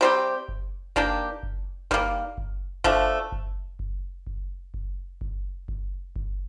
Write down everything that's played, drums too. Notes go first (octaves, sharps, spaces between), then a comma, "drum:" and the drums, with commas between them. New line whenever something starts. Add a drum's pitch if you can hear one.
C3 G3 C4 G4
drum: kick F#1
D#3 A#3 D4 G4, drum: kick F#1
drum: kick F#1
D#3 G3 A#3, drum: kick F#1
drum: kick F#1
F3 A3 D4, drum: kick F#1
drum: kick F#1
drum: kick F#1
drum: kick F#1
drum: kick F#1
drum: kick F#1
drum: kick F#1
drum: kick F#1